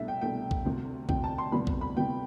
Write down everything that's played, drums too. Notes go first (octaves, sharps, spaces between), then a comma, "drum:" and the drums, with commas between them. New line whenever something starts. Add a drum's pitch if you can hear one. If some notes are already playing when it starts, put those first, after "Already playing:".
Already playing: C2 B2 A3 D4 E5
G5
C2 B2 A3 D4 G5
drum: kick B1
D2 C3 F#3
D2 C3 F#3 G5, drum: kick B1
A5
C6
D2 C3 G3 B3 B5
drum: kick B1
B5
D2 C3 G3 B3 G5